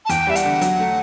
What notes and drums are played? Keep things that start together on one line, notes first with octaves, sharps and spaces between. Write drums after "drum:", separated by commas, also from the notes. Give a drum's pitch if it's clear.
A5
E2 G5, drum: hi-hat
G3 E5
F#5, drum: hi-hat
D3
F#3, drum: hi-hat
A3